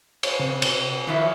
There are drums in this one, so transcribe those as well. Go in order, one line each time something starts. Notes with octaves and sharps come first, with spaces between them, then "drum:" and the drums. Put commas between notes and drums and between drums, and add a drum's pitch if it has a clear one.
C5 C#5, drum: cymbal
C#3 C4 C#5
C3, drum: cymbal
D#3 F3 F#3 E4